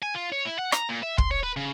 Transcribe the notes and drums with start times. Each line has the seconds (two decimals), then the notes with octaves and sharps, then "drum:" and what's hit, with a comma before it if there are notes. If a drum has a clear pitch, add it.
0.02 G#5
0.15 F4
0.32 C#5
0.45 E4
0.59 F#5
0.72 A#5, drum: rim click
0.89 A#2
1.03 E5
1.18 C6, drum: kick
1.31 C#5
1.43 B4
1.57 C#3